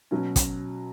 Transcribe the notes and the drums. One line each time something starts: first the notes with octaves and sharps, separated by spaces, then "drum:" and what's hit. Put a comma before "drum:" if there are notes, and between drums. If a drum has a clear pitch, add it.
B2 F#3 C#4
drum: kick, hi-hat